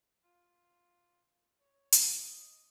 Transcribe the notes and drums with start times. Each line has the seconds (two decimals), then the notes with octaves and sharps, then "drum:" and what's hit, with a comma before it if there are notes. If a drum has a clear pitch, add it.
0.24 F4
1.60 C#5
1.92 drum: hi-hat
2.19 D#5